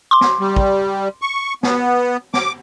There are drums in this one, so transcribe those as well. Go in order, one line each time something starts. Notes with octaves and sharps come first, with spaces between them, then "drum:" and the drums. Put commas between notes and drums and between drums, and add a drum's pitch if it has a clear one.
C6 D6
drum: snare
G3
drum: kick
C#6
B3, drum: snare
D6, drum: snare